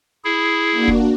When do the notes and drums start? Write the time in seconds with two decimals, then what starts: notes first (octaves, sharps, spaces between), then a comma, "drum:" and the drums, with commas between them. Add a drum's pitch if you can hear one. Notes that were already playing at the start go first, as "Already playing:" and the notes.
0.24 E4 G#4
0.72 A#3 D4 F#4
0.88 drum: kick